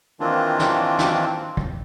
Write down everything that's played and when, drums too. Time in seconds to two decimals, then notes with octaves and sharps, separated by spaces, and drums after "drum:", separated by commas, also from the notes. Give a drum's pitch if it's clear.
0.20 D#3 E3 A#3 C4 D4 F4
0.59 drum: snare
0.99 drum: snare
1.57 drum: kick